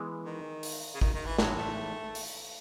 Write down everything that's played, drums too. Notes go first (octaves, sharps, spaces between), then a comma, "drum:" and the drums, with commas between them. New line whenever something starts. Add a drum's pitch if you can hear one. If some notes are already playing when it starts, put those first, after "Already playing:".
Already playing: E3 G#3 B3
D#3
drum: open hi-hat
C#3
D#3, drum: kick G#1
D#3
E3
A2 E3 F#3 G#3, drum: snare
A3
drum: open hi-hat